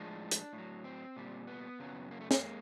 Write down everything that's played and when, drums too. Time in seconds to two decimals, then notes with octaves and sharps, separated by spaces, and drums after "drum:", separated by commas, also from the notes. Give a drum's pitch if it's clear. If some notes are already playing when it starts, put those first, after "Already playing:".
Already playing: A2 F3 G#3 D4
0.31 drum: hi-hat
0.53 A2
0.58 F#3
0.84 C4
1.17 A#2 G3
1.47 B3
1.80 F#2 C#3 F#3
2.11 A#3
2.21 A3
2.31 A#3, drum: snare
2.43 G#3